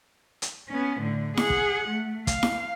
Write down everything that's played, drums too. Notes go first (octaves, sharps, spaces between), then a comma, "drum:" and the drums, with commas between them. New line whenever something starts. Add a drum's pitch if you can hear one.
drum: hi-hat
B3 C#4
A2 D3
G#4 F#5, drum: snare E4
drum: kick
A3
F5, drum: kick, hi-hat
drum: snare E4